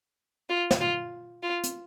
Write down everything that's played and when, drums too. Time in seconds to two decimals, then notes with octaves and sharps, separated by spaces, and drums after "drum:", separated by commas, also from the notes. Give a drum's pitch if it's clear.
0.49 F4
0.71 drum: snare
0.80 F4
1.43 F4
1.64 drum: hi-hat